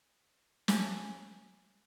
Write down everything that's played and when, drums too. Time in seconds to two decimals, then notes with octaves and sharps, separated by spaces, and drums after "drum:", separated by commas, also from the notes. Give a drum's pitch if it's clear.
0.68 G#5 A5, drum: snare